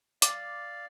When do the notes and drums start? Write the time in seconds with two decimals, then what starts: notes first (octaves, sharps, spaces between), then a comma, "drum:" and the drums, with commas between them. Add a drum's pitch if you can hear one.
0.22 D5 F5 D6, drum: hi-hat